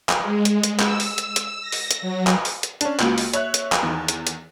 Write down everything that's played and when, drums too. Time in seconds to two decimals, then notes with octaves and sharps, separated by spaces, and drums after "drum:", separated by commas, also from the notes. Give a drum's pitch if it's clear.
0.09 drum: clap
0.23 G#3
0.45 drum: hi-hat
0.63 drum: hi-hat
0.80 E6, drum: clap
1.00 drum: open hi-hat
1.18 drum: hi-hat
1.36 drum: hi-hat
1.62 A#6
1.72 drum: open hi-hat
1.91 drum: hi-hat
2.02 F#3
2.27 drum: clap
2.45 drum: open hi-hat
2.63 drum: hi-hat
2.81 C#4 D4, drum: hi-hat
3.00 C#2 A#3 F4 F#4 F#7, drum: clap
3.18 drum: open hi-hat
3.34 C#5 E5 F#6, drum: hi-hat
3.54 drum: hi-hat
3.72 drum: clap
3.82 E2 D#3
4.08 drum: hi-hat
4.27 drum: hi-hat